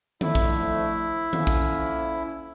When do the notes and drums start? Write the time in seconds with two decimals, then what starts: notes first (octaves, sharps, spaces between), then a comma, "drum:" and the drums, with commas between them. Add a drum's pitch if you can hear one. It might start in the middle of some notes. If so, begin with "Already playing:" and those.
0.21 F2 D3 F3 A3 E4, drum: tom D#3
0.35 drum: kick A#1
1.33 D3 F3 A#3 C#4, drum: tom D#3
1.47 drum: kick A#1